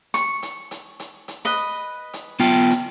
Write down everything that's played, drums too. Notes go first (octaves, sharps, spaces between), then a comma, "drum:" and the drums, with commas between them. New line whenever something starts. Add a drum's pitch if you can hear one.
C#6, drum: hi-hat
drum: hi-hat
drum: hi-hat
drum: hi-hat
drum: hi-hat
B4 D#5
drum: hi-hat
B3 F4 G5, drum: hi-hat
drum: hi-hat